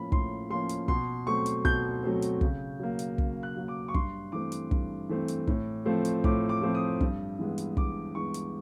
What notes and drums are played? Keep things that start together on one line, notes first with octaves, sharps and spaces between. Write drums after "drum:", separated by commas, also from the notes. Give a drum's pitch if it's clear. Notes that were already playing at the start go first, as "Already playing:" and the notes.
Already playing: A2 F3 A#3 C#4 B5
A2 C6, drum: kick
F3 A#3 C#4 C6
drum: hi-hat
B2 C6, drum: kick
F#3 A3 C4 C#6
drum: hi-hat
B2 G6, drum: kick
F#3 A3 C4
drum: hi-hat
C#3, drum: kick
F#3 A#3
drum: hi-hat
C#3, drum: kick
F#6
F#3 A#3
D6
C#6
G2 C6, drum: kick
E3 A3 C4 D6
drum: hi-hat
G2, drum: kick
E3 A3 C4
drum: hi-hat
A2, drum: kick
F3 A3 C4
drum: hi-hat
A2 D6, drum: kick
D6
F3 A3 C4
D#6
G2, drum: kick
E3 G#3 B3
drum: hi-hat
G2 D6, drum: kick
E3 G#3 B3 C#6
drum: hi-hat